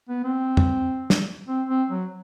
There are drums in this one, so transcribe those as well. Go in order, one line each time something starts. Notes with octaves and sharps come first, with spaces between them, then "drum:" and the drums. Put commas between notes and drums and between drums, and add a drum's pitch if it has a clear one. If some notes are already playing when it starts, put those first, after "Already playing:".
B3
C4
drum: tom
drum: snare
C4
C4
F#3